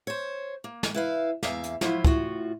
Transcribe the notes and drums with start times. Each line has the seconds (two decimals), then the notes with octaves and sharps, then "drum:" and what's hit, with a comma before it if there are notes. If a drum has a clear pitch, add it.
0.07 C5 C#5
0.64 A#3
0.83 drum: snare
0.95 E4 B4 F5
1.43 E2 A#3 E5 F5, drum: snare
1.64 drum: hi-hat
1.81 F3 F#3 E4 F4, drum: snare
2.05 A2 F4 F#4, drum: kick